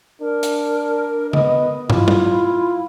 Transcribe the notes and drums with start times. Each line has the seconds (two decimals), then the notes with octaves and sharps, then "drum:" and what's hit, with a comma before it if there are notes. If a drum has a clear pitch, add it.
0.21 D4 A#4
0.43 drum: hi-hat
1.33 B3 D#5, drum: tom C#3
1.90 E4 F4, drum: tom
2.08 drum: tom